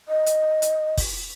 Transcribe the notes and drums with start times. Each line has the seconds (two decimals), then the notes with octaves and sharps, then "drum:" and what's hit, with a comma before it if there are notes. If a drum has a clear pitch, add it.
0.09 D#5
0.26 drum: hi-hat
0.62 drum: hi-hat
0.98 drum: kick, open hi-hat